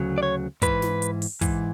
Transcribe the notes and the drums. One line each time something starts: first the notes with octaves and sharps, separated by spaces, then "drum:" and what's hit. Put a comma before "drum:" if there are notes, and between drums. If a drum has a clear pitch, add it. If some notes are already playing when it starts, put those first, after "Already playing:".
Already playing: D2 C#3 F#3
D5
C#5
G#2 E3 B4, drum: kick, hi-hat
drum: snare
drum: hi-hat
drum: open hi-hat
G#2 E3, drum: kick, hi-hat